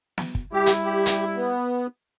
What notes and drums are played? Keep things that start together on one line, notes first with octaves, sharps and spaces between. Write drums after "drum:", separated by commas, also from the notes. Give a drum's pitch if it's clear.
drum: snare
drum: kick
G3 E4 G4
drum: hi-hat
G4
drum: hi-hat
B3